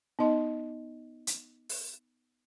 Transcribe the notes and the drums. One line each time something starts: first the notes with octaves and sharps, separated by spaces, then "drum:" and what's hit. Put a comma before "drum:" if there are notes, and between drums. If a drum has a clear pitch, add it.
B3 D#4 D#5 C6
drum: hi-hat
drum: open hi-hat